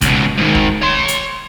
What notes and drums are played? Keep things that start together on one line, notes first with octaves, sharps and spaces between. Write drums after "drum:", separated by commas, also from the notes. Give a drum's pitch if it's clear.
C#2 B2, drum: kick, hi-hat
G#2 D#3
drum: kick
C#5 C6
drum: hi-hat